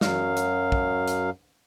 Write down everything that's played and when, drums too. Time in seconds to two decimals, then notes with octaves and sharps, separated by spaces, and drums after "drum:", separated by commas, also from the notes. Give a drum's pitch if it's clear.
0.01 F#2 F#3 F5, drum: snare
0.37 drum: hi-hat
0.72 drum: kick
1.08 drum: hi-hat